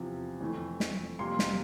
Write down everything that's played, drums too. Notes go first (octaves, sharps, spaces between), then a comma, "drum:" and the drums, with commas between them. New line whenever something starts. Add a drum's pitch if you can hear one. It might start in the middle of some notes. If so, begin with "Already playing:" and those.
Already playing: E2 C3 F3
F2 E3 A3
drum: snare
F2 C3 G3 A#3 C6
drum: snare